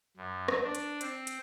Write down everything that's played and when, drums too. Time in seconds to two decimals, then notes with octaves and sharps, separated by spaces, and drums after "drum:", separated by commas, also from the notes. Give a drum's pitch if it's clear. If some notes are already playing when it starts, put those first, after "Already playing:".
0.17 F#2
0.48 drum: rim click
0.63 D4
0.75 drum: hi-hat
1.01 C4, drum: hi-hat
1.27 drum: hi-hat